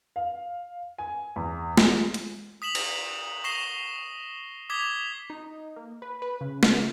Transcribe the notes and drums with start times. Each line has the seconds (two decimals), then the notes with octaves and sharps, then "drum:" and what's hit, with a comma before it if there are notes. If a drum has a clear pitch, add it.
0.16 F5
0.98 G#5
1.36 E2
1.77 G#3, drum: snare
2.14 drum: hi-hat
2.62 D#6 B6 E7 F#7
2.75 drum: cymbal
3.44 C#6 D#6 A#6 C7 E7 G7
4.70 D6 D#6 G#6 B6 G7
5.30 D#4
5.76 A#3
6.02 B4
6.22 B4
6.41 C#3
6.63 drum: snare